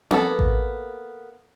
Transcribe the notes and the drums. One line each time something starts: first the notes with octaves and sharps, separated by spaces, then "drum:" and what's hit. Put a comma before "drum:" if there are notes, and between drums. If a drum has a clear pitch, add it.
A#3 B3 A4, drum: tom C4
drum: kick A1